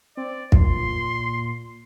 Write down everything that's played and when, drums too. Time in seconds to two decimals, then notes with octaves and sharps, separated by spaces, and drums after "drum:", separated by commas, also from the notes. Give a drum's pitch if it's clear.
0.17 C4 D5
0.52 A#2 C6, drum: kick